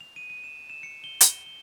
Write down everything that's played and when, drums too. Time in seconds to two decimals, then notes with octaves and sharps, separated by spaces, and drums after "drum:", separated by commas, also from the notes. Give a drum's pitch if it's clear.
0.01 F7
0.16 D#7
0.30 D#7
0.44 E7
0.70 E7
0.83 C#7
1.04 G7
1.21 G7, drum: hi-hat
1.46 G7